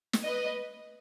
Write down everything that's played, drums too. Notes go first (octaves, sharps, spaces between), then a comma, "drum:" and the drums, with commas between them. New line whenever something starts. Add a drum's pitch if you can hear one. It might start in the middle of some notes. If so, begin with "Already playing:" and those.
drum: snare
B4 D#5